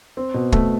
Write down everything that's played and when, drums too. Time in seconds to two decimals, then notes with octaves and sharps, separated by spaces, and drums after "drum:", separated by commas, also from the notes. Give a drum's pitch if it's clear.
0.17 C4
0.34 B2
0.52 A3, drum: kick